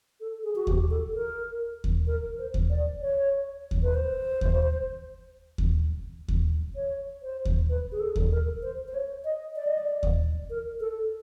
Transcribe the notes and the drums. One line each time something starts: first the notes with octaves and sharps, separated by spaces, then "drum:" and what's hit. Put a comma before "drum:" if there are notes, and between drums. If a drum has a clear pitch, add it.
A4
G#4
F#4
G4, drum: kick D#2
A4
A#4
drum: kick D#2
A#4
C5
drum: kick D#2
D5
C#5
drum: kick D#2
B4
C5
drum: kick D#2
drum: kick D#2
drum: kick D#2
C#5
C5
drum: kick D#2
B4
G#4
A4
drum: kick D#2
A#4
C5
C5
C#5
D#5
D5
D#5
D5
drum: kick D#2
A#4
A4